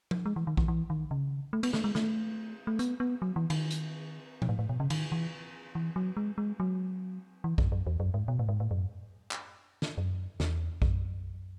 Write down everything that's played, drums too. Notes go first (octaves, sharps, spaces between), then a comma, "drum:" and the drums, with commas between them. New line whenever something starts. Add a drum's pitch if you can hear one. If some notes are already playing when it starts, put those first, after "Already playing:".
drum: tom F3
G#3
E3
D#3
E3, drum: kick A#1
E3
D#3
C#3
A3
B3, drum: cymbal
A3, drum: snare
G#3
A3, drum: snare
A3
B3, drum: hi-hat
B3
F#3
E3
D#3, drum: cymbal
drum: hi-hat
B2, drum: tom F3
A2
A2
B2
C#3
D#3, drum: cymbal
E3
E3
F#3
G#3
G#3
F#3
E3
F#2, drum: kick A#1
F#2
E2
F#2
G#2
B2
A2
G#2
A2
F#2
drum: clap
drum: snare
F#2
E2, drum: snare
F#2, drum: kick A#1